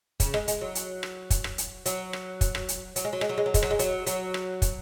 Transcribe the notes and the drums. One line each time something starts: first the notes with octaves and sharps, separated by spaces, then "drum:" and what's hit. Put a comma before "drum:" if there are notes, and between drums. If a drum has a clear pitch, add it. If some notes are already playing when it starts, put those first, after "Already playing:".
C#3, drum: kick, hi-hat
G#3, drum: rim click
G#3, drum: hi-hat
F#3
drum: hi-hat
drum: rim click
drum: kick, hi-hat
drum: rim click
drum: hi-hat
F#3, drum: hi-hat
drum: rim click
drum: kick, hi-hat
drum: rim click
drum: hi-hat
F#3, drum: hi-hat
G#3
F#3
G#3, drum: rim click
F#3
G#3
F#3
G#3, drum: kick, hi-hat
F#3, drum: rim click
G#3
F#3, drum: hi-hat
F#3, drum: hi-hat
drum: rim click
drum: kick, hi-hat